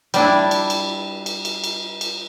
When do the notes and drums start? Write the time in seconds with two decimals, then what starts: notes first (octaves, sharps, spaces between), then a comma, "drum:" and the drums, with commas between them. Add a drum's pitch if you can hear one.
0.14 G3 D4 E4, drum: cymbal
0.51 drum: cymbal
0.70 drum: cymbal
1.26 drum: cymbal
1.45 drum: cymbal
1.64 drum: cymbal
2.01 drum: cymbal